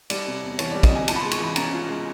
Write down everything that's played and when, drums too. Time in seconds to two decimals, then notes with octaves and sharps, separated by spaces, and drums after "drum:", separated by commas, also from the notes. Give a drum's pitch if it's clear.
0.10 G3 D5, drum: cymbal
0.27 C3
0.43 E2
0.59 E3 C#5, drum: cymbal
0.71 G3 D5
0.83 D#5, drum: kick, cymbal
0.91 C3 G#5
1.08 F4 A5, drum: cymbal
1.16 B5
1.20 G#3 C6
1.31 C#6, drum: cymbal
1.40 E3 B5
1.56 C#4 A#5, drum: cymbal
1.73 F4
1.88 G#3